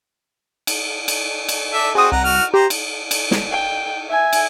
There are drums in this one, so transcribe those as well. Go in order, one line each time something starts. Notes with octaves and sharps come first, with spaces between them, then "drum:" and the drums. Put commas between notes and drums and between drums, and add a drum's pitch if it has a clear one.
drum: cymbal
drum: cymbal
drum: cymbal
A4 D5 E5
C4 F#4 G#4 D#6
C2 F#5 A#5
F#4 F6
G4 C5 A#5
drum: cymbal
drum: cymbal
drum: snare
G5
E5 G#5
drum: cymbal